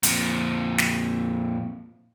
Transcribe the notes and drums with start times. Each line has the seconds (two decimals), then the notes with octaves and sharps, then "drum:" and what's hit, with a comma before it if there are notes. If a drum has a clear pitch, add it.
0.03 F2 A#2, drum: hi-hat
0.78 drum: snare